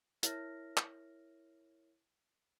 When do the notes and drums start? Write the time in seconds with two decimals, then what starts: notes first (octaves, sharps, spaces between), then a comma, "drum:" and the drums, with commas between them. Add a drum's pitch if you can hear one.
0.23 E4 A#4 C#5 E5 F6 A#6, drum: hi-hat
0.77 drum: clap